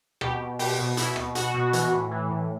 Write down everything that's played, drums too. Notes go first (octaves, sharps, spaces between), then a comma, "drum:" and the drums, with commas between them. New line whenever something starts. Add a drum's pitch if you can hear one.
B2 G4, drum: rim click
B2
B2 G4, drum: open hi-hat
B2
B2 E4, drum: hi-hat
B2, drum: rim click
B2 F#4, drum: hi-hat
B2
E3, drum: hi-hat
A2
E3
A2